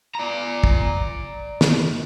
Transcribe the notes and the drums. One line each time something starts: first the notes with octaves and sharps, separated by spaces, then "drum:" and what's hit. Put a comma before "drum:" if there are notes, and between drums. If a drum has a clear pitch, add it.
D5 A#5
drum: kick
drum: snare